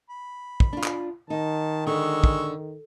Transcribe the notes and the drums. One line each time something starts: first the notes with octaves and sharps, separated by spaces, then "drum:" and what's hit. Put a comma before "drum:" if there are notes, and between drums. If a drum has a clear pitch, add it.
B5
drum: kick
D4 F4
drum: clap
D#3 D#4 A5
D3 G#3 C#6 E6
drum: kick